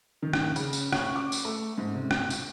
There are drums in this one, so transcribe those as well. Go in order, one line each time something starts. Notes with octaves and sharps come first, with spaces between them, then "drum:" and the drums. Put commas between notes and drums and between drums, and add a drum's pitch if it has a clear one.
D#3
drum: rim click
C#3, drum: tambourine
drum: tambourine
C#4, drum: rim click
D6
drum: tambourine
A3
G#2
C3
drum: rim click
drum: tambourine